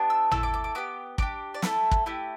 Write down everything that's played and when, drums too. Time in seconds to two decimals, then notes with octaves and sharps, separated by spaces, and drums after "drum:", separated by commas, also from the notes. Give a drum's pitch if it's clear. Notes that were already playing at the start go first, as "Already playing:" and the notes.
Already playing: B3 D4 G4
0.10 E6
0.31 A3 E4 A4 E6, drum: tom
0.43 D6
0.54 D6
0.64 D6
0.75 B3 G4 D6
1.18 D4 G4 D6, drum: kick
1.54 D5
1.62 A3 E4 A4 B4, drum: snare
1.91 drum: kick
2.06 A3 E4 G4